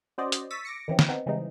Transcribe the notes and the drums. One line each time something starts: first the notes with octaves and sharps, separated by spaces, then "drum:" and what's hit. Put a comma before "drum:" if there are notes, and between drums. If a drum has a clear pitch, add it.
C#4 F#4 C5 D5 D#5
drum: hi-hat
C#6 E6 A6 B6 D#7
D6 A#6 C#7
D#3 E3 C4 C#4 G4
drum: snare
B3 C4 D#4
C#3 E3 G3 G#3 C4 D#4